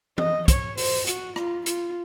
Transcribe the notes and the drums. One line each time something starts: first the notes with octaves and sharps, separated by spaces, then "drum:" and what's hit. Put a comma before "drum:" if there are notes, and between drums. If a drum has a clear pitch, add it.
D#5, drum: tom E3
C#5, drum: kick, hi-hat
C5, drum: open hi-hat
F#4, drum: hi-hat
F4, drum: rim click
F4, drum: hi-hat